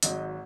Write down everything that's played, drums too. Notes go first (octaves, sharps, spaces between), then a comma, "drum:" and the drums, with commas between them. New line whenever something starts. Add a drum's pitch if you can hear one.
G#1 G#2 F#3 D#5, drum: hi-hat